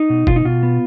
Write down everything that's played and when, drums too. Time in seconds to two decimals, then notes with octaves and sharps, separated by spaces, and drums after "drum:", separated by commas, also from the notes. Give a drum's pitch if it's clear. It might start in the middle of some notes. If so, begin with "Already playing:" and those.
Already playing: D#4
0.10 B2
0.27 B2 F4, drum: kick
0.36 D#4
0.45 B2 F4
0.63 B3